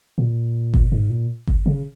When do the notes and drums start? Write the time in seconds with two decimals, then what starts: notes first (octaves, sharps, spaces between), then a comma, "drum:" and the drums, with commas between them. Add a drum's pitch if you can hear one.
0.18 A#2
0.74 drum: kick G1
0.92 G#2
1.10 A#2
1.47 drum: kick G1
1.66 C#3